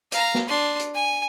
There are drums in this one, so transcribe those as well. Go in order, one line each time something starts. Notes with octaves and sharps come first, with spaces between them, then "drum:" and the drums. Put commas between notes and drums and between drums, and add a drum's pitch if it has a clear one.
F5 A#5, drum: hi-hat
drum: snare
D4 C6
drum: hi-hat
G#5